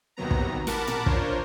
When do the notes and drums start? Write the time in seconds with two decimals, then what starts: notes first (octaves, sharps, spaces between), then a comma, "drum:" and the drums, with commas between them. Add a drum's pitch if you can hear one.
0.17 D#2 C3 D#3 F#3 B3 A#5
0.31 drum: kick
0.67 A#4 F#5 A5 B5 D6, drum: snare
0.87 drum: tom A2
1.06 D4 F4 A#4 C5 C#5, drum: kick